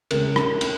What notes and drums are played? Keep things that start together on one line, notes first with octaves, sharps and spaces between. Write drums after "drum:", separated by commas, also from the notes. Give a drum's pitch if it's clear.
C#3 G#3 C#4 A#4, drum: cymbal
drum: rim click
C#4, drum: cymbal